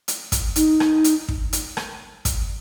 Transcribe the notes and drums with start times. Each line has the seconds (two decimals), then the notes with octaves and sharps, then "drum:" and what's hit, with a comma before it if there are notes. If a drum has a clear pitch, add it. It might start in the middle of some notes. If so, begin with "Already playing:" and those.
0.08 drum: hi-hat
0.32 drum: kick, hi-hat
0.56 D#4, drum: hi-hat
0.80 drum: rim click
1.04 drum: hi-hat
1.28 drum: kick
1.53 drum: hi-hat
1.77 drum: rim click
2.25 drum: kick, hi-hat